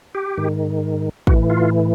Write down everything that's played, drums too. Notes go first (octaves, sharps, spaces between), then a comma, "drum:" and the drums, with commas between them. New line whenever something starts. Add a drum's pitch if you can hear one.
G4
G#2 D#3
A2 E3 F#4, drum: kick
F4